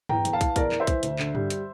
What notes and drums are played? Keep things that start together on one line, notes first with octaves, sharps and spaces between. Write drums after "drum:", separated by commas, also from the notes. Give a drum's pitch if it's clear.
E2 G5 A#5, drum: tom G2
E2, drum: hi-hat
F5 A5
E3, drum: kick, hi-hat
E2 A#4 D5, drum: kick, hi-hat
E3, drum: clap
C5 E5
E3, drum: kick, hi-hat
D2, drum: hi-hat
D3, drum: clap
G3, drum: tom G2
drum: hi-hat